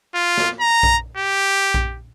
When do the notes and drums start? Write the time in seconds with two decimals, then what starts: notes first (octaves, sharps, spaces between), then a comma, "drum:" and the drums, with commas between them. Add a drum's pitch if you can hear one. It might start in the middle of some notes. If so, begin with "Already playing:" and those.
0.15 F4
0.38 drum: snare
0.60 A#5
0.83 drum: kick A#1
1.17 G4
1.74 drum: kick A#1